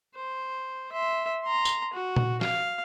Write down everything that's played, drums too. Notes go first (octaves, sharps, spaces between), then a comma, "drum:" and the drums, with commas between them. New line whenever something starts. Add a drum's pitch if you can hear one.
C5
E5 C6
A#5 C6
drum: tambourine
F#4
drum: tom A#2
F5, drum: snare